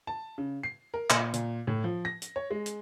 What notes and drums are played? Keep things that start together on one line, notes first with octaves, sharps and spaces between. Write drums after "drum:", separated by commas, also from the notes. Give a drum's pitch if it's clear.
A5
C#3
C7
A#4
A#2, drum: clap
A#2, drum: hi-hat
A2
F3
A#6
drum: hi-hat
C#5
G#3
drum: hi-hat